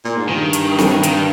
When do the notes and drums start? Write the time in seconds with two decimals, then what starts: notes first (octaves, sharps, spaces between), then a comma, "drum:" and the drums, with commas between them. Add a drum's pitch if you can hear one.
0.05 A#2
0.16 G#2
0.28 G2 D#3
0.53 drum: hi-hat
0.79 drum: snare
1.03 D#3, drum: hi-hat